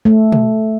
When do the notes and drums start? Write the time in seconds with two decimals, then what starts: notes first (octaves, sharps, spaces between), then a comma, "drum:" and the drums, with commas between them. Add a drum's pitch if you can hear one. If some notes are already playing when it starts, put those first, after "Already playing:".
0.05 A3
0.32 drum: tom B2